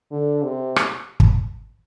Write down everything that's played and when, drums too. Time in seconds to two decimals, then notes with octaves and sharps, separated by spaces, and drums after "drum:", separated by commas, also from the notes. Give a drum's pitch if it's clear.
0.12 D3
0.44 C3
0.76 drum: rim click
1.20 drum: kick